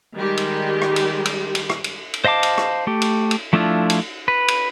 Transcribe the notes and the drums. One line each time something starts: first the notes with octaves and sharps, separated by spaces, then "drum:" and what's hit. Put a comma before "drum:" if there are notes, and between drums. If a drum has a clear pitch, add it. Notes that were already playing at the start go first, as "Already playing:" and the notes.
D#3 G3 G#3 G4
drum: cymbal
drum: rim click
drum: cymbal
drum: cymbal
drum: cymbal
drum: rim click
drum: cymbal
drum: cymbal
C5 D#5 F5 A5 D6
drum: cymbal
drum: rim click
A3 G4
drum: cymbal
drum: cymbal
F3 A3 D4 E4 F4
drum: cymbal
B4
drum: cymbal